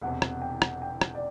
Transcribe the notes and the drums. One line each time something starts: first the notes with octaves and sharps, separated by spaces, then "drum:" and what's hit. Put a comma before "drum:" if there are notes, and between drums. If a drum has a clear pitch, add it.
E1 E2 C3 F#5
drum: rim click
G5
drum: rim click
G5
drum: rim click
D5